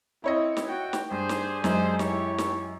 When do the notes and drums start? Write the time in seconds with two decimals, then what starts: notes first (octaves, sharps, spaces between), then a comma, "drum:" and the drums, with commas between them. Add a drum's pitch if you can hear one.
0.24 C4 E4 C#5 D#5
0.57 drum: snare
0.68 F#4 G5
0.93 drum: snare
1.11 G2 D4 G4 G#4 C5
1.29 drum: snare
1.64 F#2 G#3 C5, drum: snare
1.99 E4 G4 C#5 C#6, drum: snare
2.38 drum: snare